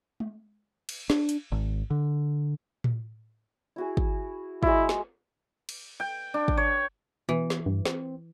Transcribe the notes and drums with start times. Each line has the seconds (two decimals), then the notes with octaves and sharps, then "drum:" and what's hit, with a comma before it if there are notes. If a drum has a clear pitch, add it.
0.20 drum: tom G#3
0.89 drum: cymbal
1.10 D4, drum: snare
1.29 drum: hi-hat
1.52 G#1
1.90 D3
2.84 drum: tom A2
3.76 E4 F#4 G#4
3.97 drum: kick
4.63 G#3 E4 F#4 E5, drum: kick
4.89 drum: snare
5.69 drum: cymbal
6.00 G5
6.34 D4
6.48 drum: kick
6.57 C#5
7.29 B2 E3
7.50 drum: snare
7.66 G2
7.85 C4, drum: snare